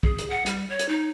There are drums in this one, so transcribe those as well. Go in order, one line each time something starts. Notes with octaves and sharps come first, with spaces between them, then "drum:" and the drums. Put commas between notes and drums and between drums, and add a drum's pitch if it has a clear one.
G#4, drum: kick
drum: hi-hat
F#5
G3, drum: hi-hat
C#5
drum: hi-hat
D#4